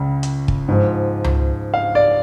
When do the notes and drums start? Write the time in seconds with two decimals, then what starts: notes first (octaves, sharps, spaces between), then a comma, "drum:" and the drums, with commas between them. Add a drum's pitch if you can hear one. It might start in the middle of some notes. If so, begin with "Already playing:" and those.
Already playing: C#2 C#3
0.23 drum: hi-hat
0.48 drum: kick
0.68 G#2 F3
1.24 drum: tom C#2
1.74 F5
1.95 D5